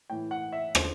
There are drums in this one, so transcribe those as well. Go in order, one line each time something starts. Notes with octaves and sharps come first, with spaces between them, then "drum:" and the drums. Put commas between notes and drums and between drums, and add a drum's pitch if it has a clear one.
A2 E3 G5
F#5
E5
D3 C5, drum: rim click